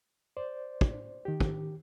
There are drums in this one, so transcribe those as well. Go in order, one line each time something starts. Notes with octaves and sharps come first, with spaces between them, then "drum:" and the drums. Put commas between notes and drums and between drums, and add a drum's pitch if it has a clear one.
C5 D5
drum: kick
D#3 G4
drum: kick